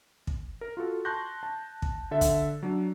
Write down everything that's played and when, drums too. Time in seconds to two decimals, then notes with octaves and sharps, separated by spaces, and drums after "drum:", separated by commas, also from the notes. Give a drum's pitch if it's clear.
0.27 drum: kick
0.61 A#4
0.77 F4 F#4 A4
1.05 A5 C6 C#6 F#6 G6 A#6
1.43 A5
1.82 drum: kick
2.11 D3 A4 E5
2.21 drum: kick, hi-hat
2.63 F#3 D4